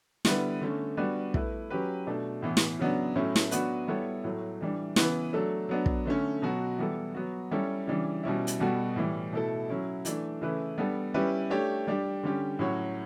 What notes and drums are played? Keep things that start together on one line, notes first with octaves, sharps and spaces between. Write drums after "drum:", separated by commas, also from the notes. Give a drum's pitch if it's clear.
D3 G3 B3 E4 B4, drum: snare
D3 A3 C#4
G3 B3 D4 F#4 B4
A3 E4 B4, drum: kick
F#3 C#4 G4 B4
B2 A3 D4
A2 E3 B3
drum: snare
C#3 F#3 B3 D4
A2 F#3 A3 C#4 E4
drum: snare
F#3 B3 D4 F#4 B4, drum: hi-hat
G3 B3 E4 A4 C#5
A2 F#3 A3
E3 G3 D4
C#3 E3 B3 E4 B4, drum: snare
F#3 A3 D4 A4
F#3 B3 D4
drum: kick
D3 A3 C#4
B2 F#3 B3 F#4
E3 G3 B3 E4 A4
F#3 B3 F#4
G3 C#4 E4 A4 C#5
C#3 E3 G3 D4
B2 G3 C#4 E4
drum: hi-hat
B2 G3 B3 F#4 A4
A2 E3 G3
B2 A3 E4 A4
F#3 C#4 E4
E3 A3 D4, drum: hi-hat
C#3 E3 A3 E4 B4
G3 B3 D4 A4
G3 C#4 E4 G4 B4
A3 D4 G4 C#5
G3 D4 G4
D3 G3 C#4 G4
A2 F#3 C#4 F#4 C#5